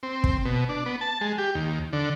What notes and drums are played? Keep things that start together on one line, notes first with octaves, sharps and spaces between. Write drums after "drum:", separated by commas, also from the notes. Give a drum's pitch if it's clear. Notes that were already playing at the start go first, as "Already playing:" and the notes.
C4
drum: kick
B2
D4
B3
A5
G#3
G4
D#2
D3